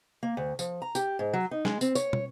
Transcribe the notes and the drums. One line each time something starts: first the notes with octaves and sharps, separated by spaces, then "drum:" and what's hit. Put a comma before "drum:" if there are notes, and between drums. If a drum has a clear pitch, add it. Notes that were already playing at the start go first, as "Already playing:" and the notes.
A#3
D2
F3, drum: tambourine
A#5
G4, drum: tambourine
G#2
F#3
D#4
G#3, drum: snare
C4, drum: tambourine
C#5, drum: tambourine
drum: tom